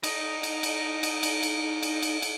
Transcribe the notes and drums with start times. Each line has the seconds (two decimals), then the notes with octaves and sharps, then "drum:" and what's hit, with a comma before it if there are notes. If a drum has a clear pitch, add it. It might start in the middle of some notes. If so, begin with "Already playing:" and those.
0.03 D#4 D#5, drum: cymbal
0.43 drum: cymbal
0.63 drum: cymbal
1.03 drum: cymbal
1.23 drum: cymbal
1.43 drum: cymbal
1.83 drum: cymbal
2.03 drum: cymbal
2.22 drum: cymbal